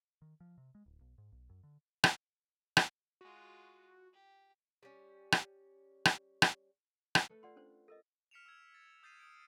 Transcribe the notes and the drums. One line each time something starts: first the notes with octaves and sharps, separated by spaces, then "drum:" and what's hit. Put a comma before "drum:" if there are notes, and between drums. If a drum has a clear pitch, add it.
D#3
F3
C3
G#3
D1
B1
G#2
B1
F#2
D3
drum: rim click
drum: rim click
G#3 F4 F#4
G4
G3 C#4
drum: rim click
drum: rim click
drum: rim click
drum: rim click
A3 A4 B4
F4 D5 F#5 C6
C#4 D4 C5
A4 A#4 D#5 A#6
F6 B6 C#7 D7 E7 F7
E6 G#6
A6
D#6 G6 A6 C7 D#7 F7
D#6 G6 D7